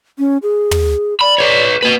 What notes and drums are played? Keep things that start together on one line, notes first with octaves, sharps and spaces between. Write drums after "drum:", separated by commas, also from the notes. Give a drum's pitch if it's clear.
C#4
G#4
drum: tom
D5 B5
B4 C#5
A#3 B4 D#5